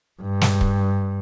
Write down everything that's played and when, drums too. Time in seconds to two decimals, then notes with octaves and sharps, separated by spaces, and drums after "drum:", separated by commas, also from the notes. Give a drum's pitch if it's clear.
0.22 G2
0.41 drum: snare
0.61 drum: kick